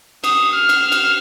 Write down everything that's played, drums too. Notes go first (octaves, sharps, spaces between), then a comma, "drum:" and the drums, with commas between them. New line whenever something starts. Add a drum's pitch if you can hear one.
D#6, drum: cymbal
F6
drum: cymbal
drum: cymbal